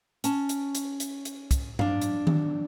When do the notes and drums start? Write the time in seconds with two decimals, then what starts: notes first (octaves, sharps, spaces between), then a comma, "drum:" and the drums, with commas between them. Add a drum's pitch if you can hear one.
0.24 C#4 A5, drum: hi-hat
0.49 drum: hi-hat
0.75 drum: hi-hat
1.00 drum: hi-hat
1.25 drum: hi-hat
1.51 drum: kick, hi-hat
1.79 D4 F5, drum: tom G2
2.01 drum: hi-hat
2.27 drum: tom D#3